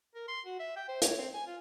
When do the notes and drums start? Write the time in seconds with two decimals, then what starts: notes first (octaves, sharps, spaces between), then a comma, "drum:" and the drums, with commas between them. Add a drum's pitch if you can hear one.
0.15 A#4
0.28 C6
0.45 F#4
0.60 E5
0.77 G5
0.88 C5
1.02 C#5, drum: hi-hat
1.18 C4
1.34 G#5
1.47 F4